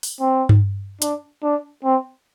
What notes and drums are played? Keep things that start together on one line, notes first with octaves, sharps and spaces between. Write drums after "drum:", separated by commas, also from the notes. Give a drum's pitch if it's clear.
drum: open hi-hat
C4
drum: tom G2
D4, drum: hi-hat
D4
C4